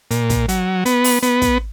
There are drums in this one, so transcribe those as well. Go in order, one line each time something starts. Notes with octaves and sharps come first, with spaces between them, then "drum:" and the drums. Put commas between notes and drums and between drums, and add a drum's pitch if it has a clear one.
A#2, drum: hi-hat
drum: kick, hi-hat
F#3, drum: hi-hat
B3, drum: hi-hat
drum: open hi-hat
B3, drum: hi-hat
drum: kick, hi-hat